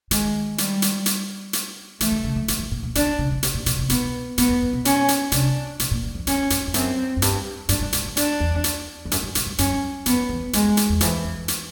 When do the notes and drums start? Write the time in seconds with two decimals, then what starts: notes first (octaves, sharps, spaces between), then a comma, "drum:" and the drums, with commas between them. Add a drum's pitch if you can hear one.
0.11 D#3 G#3, drum: hi-hat
0.58 G3, drum: hi-hat
0.82 drum: hi-hat
1.06 drum: hi-hat
1.53 drum: hi-hat
2.00 E3 A3, drum: hi-hat
2.12 D#3
2.24 C#3
2.36 D3
2.48 D#3, drum: hi-hat
2.59 D#3
2.71 A#2
2.83 A#2
2.95 D3 D4, drum: hi-hat
3.19 C#3
3.32 C#3
3.43 C3, drum: hi-hat
3.54 A#2
3.66 B2, drum: hi-hat
3.78 C3
3.90 B2 B3, drum: hi-hat
4.38 A2 B3, drum: hi-hat
4.49 F2
4.62 F#2
4.73 B2
4.85 C#4, drum: hi-hat
5.08 drum: hi-hat
5.32 C3 D4, drum: hi-hat
5.79 B2, drum: hi-hat
5.91 A#2
6.03 E2
6.15 F2
6.27 F#2 C#4, drum: hi-hat
6.50 F#2, drum: hi-hat
6.67 F2
6.74 F#2 C4, drum: hi-hat
7.17 F#2
7.22 G2, drum: hi-hat
7.69 G2 D4, drum: hi-hat
7.81 G#2
7.93 G2, drum: hi-hat
8.05 F#2
8.17 D4, drum: hi-hat
8.40 E2
8.64 drum: hi-hat
9.05 F2
9.11 F#2, drum: hi-hat
9.23 G2
9.35 G#2, drum: hi-hat
9.47 G2
9.58 F#2 C#4, drum: hi-hat
10.06 F2 B3, drum: hi-hat
10.29 E2
10.53 F2 G#3, drum: hi-hat
10.77 drum: hi-hat
10.89 E2
11.01 F2 E3, drum: hi-hat
11.24 F2
11.48 drum: hi-hat